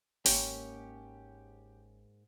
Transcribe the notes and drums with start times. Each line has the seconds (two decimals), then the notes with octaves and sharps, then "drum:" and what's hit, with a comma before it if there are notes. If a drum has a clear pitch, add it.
0.26 G1 G#2 A#3 C#4 G4, drum: open hi-hat